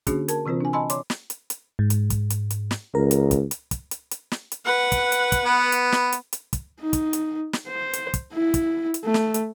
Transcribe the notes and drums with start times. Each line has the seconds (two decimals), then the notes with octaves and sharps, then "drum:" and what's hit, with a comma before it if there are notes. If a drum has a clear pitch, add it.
0.07 D3 A#3 C#4 D4 F#4 G#4, drum: kick, hi-hat
0.28 A#4 A5, drum: hi-hat
0.46 C3 E3 C4 F4 C5
0.61 D4 G#5
0.73 D#5 G#5 A5 B5 C6 E6
0.90 C#5 D5 C6 D6, drum: hi-hat
1.10 drum: snare
1.30 drum: hi-hat
1.50 drum: hi-hat
1.79 G#2
1.90 drum: hi-hat
2.10 drum: kick, hi-hat
2.30 drum: hi-hat
2.50 drum: hi-hat
2.71 drum: snare
2.95 C#2 A#4
3.11 drum: hi-hat
3.31 drum: kick, hi-hat
3.51 drum: hi-hat
3.71 drum: kick, hi-hat
3.91 drum: hi-hat
4.11 drum: hi-hat
4.31 drum: snare
4.52 drum: hi-hat
4.65 B4 F#5
4.92 drum: kick, hi-hat
5.12 drum: hi-hat
5.32 drum: kick, hi-hat
5.46 B3
5.72 drum: hi-hat
5.92 drum: snare
6.12 drum: hi-hat
6.33 drum: hi-hat
6.53 drum: kick, hi-hat
6.81 D#4
6.93 drum: kick, hi-hat
7.13 drum: hi-hat
7.53 drum: snare
7.68 C5
7.93 drum: hi-hat
8.14 drum: kick, hi-hat
8.34 E4
8.54 drum: kick, hi-hat
8.94 drum: hi-hat
9.05 A3
9.14 drum: snare
9.34 drum: hi-hat